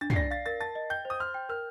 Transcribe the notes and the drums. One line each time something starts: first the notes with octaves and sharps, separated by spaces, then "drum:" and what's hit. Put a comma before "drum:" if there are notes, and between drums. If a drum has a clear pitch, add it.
D4 A6
C7, drum: tom
D5 A#6
F5 A6
A#4 A6
A5 A6
D#5
G5 G6
C5
D#6
C6 F6
G5
A#4 F6